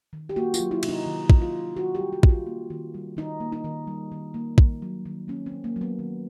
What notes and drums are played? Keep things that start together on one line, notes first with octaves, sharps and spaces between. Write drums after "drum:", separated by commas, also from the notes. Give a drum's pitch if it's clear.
D#3
G4
A#3 F#4
F4, drum: tambourine
F#3
E4
C3, drum: cymbal
D#4
D#3
A#3, drum: kick
F4
F#3
D#3 F#4
G3 G4
F#4
D#3, drum: kick
F4
A#3
D#3
G3
D#3 D#4
A#3
D#4
D#3
G3
D#3
A#3
D#3, drum: kick
F#3
D#3
A#3 C#4
C4
D#3
A#3
F#3
B3
D#3